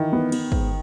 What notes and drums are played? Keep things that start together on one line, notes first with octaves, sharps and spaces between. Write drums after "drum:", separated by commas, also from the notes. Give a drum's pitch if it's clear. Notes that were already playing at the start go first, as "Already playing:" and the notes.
Already playing: D#3 E3
B3
B3, drum: cymbal
G#2, drum: kick